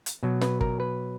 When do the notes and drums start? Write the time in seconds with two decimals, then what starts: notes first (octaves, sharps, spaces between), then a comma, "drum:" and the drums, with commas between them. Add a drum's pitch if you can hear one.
0.06 drum: hi-hat
0.23 B2 F#3
0.41 B4, drum: snare
0.61 A#4, drum: kick
0.80 B4